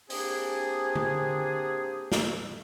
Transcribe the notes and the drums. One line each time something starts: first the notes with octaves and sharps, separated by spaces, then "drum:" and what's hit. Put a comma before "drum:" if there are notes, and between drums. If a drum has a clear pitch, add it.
A#3 C4 D4 G4 G#4, drum: open hi-hat
drum: tom D3
drum: snare